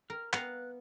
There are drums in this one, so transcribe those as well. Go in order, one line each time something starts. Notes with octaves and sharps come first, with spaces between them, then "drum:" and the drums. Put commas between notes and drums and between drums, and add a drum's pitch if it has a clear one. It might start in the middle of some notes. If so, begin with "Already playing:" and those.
A#4 F6
B3 F5 A#5 F#6, drum: clap